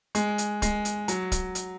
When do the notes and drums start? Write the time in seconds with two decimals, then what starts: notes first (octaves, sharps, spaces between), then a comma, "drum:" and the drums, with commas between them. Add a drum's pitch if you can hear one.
0.15 G#3, drum: hi-hat
0.38 drum: hi-hat
0.62 G#3, drum: kick, hi-hat
0.85 drum: hi-hat
1.08 F#3, drum: hi-hat
1.32 drum: kick, hi-hat
1.55 drum: hi-hat